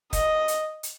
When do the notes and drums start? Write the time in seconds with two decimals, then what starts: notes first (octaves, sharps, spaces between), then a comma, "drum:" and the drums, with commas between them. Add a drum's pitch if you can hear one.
0.13 D#5, drum: kick, hi-hat
0.48 drum: hi-hat
0.83 drum: hi-hat